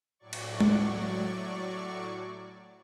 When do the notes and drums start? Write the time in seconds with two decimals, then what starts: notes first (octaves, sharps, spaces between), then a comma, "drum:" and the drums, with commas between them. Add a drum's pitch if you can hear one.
0.19 A2 F#3 D5 C#6
0.33 drum: cymbal
0.60 drum: tom G#3